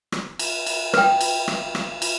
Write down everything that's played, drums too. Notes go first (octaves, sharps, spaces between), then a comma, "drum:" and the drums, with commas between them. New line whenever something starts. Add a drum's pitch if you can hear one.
drum: rim click
drum: cymbal
drum: cymbal
B4 G5, drum: rim click
drum: cymbal
drum: rim click
drum: rim click
drum: cymbal